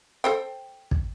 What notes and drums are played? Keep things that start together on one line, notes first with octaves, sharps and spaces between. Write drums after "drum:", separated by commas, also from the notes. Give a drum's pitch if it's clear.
A4 C5 G5
drum: kick